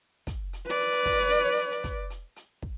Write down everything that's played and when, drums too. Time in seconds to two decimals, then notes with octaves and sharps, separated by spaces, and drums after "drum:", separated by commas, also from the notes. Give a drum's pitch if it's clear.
0.27 drum: kick, hi-hat
0.53 drum: hi-hat
0.66 B4 D5
0.79 drum: hi-hat
0.92 drum: hi-hat
1.05 drum: kick, hi-hat
1.32 drum: hi-hat
1.58 drum: hi-hat
1.71 drum: hi-hat
1.84 drum: kick, hi-hat
2.10 drum: hi-hat
2.36 drum: hi-hat
2.62 drum: kick